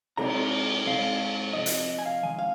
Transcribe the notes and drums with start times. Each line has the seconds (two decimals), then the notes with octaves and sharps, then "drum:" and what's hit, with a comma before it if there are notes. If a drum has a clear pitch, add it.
0.17 C3 G#3 C4 A#5, drum: cymbal
0.86 G#2 G#3 C4 F5
1.53 C3 F3 C4 D#5
1.66 drum: hi-hat
1.88 D#5
1.99 G#5
2.06 F5
2.22 F2 D#3 G#3 G#5
2.39 F5